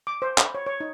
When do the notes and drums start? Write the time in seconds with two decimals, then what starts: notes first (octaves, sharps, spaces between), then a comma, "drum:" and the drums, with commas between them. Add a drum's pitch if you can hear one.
0.07 D6
0.22 C5
0.38 B5, drum: clap
0.55 C#5
0.66 C#5
0.80 D#4